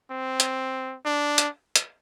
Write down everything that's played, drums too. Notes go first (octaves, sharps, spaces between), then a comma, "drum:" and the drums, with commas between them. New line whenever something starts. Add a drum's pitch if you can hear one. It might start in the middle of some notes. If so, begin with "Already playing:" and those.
C4
drum: hi-hat
D4
drum: hi-hat
drum: hi-hat